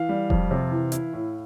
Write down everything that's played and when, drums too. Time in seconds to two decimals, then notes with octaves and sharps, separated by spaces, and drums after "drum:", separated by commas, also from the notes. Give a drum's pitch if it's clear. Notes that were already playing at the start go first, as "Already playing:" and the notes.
Already playing: E3 F5
0.09 G3
0.30 F2, drum: kick E1
0.51 C3
0.71 E3
0.92 E4, drum: hi-hat
1.13 A2